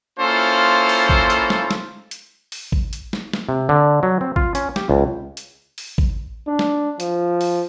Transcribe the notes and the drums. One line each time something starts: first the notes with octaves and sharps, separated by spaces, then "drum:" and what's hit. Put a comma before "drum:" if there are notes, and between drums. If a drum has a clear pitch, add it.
A#3 C#4 E4 F4 A4 C5
drum: open hi-hat
drum: kick
drum: hi-hat
drum: snare
drum: snare
drum: hi-hat
drum: open hi-hat
drum: kick
drum: hi-hat
drum: snare
drum: snare
C3
D3
F#3
C4
F4, drum: kick
C#4, drum: hi-hat
G4, drum: snare
C#2
drum: hi-hat
drum: open hi-hat
drum: kick
D4
drum: snare
F3, drum: hi-hat
drum: open hi-hat